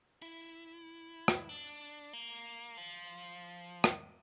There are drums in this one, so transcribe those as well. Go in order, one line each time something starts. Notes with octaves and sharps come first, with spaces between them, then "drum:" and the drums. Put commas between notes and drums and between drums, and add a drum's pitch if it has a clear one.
E4
drum: rim click
D4
A#3
F3
drum: rim click